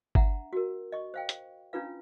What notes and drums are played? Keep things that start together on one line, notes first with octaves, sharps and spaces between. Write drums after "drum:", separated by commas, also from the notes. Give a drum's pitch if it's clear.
D4 E5 F#5 A#5, drum: kick G1
F#4 A#4
D#5 C#6
C5 F5 G5
drum: hi-hat
C#4 D4 E4 F4 B4 F5